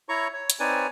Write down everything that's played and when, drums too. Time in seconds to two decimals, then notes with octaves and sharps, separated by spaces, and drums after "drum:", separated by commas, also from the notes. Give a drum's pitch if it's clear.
0.09 E4 C#5 A#5 C#6
0.33 C#5
0.50 drum: hi-hat
0.60 C4 D#4 B4 C#5 D5 G#5